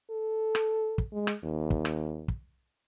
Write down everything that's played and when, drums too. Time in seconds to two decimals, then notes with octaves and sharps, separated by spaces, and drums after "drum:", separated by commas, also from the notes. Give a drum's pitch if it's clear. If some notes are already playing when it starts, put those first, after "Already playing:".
0.10 A4
0.55 drum: rim click
0.98 drum: kick
1.13 G#3
1.27 drum: rim click
1.44 D#2
1.70 drum: kick
1.85 drum: rim click
2.28 drum: kick